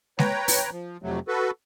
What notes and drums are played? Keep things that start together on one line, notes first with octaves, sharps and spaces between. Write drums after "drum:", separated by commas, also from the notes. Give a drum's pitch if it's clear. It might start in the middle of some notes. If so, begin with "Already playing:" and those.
B4 C#5 G5 A#5, drum: snare G#3
drum: open hi-hat
F3
F2 C3 F#3 A3
F#4 A4 B4